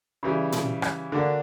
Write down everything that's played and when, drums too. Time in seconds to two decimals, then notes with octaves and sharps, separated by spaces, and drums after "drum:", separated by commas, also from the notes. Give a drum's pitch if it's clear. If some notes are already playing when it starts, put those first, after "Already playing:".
0.23 C#3 E3 G3
0.52 drum: tom A#2
0.82 drum: rim click
1.12 D3 A#3 D4 F#4